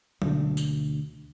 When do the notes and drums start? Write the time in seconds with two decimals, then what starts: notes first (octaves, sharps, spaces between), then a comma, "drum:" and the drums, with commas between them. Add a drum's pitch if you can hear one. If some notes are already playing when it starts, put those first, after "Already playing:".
0.22 D2 B2 D3 D4, drum: tom F#3
0.57 drum: tambourine